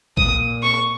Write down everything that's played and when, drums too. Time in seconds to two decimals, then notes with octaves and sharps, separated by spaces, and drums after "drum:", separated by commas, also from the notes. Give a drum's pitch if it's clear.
0.17 A#2 D#6, drum: kick A1
0.63 C#6